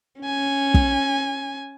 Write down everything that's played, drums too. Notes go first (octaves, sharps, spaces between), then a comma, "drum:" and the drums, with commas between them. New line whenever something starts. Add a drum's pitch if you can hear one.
C#4 G#5
drum: kick